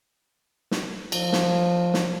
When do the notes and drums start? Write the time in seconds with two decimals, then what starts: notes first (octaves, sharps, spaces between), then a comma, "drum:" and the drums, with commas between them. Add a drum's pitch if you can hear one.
0.71 drum: snare
1.12 F3, drum: cymbal
1.33 drum: snare
1.94 drum: snare